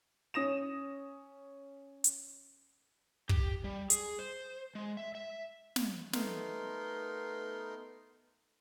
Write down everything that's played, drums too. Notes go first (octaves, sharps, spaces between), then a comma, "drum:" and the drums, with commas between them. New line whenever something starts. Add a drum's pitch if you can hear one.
C#4 D#6 A#6 E7
drum: hi-hat
G4, drum: kick
G3
G#4, drum: hi-hat
C5
G#3
E5
E5
drum: snare
A3 B3 D#4 A#4 C6, drum: snare